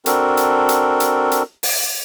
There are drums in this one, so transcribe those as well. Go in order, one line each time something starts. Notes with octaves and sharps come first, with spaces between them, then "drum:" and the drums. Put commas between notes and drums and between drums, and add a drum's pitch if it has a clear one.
C4 D4 F#4 A4 A#4, drum: hi-hat
drum: hi-hat
drum: hi-hat
drum: hi-hat
drum: hi-hat
drum: open hi-hat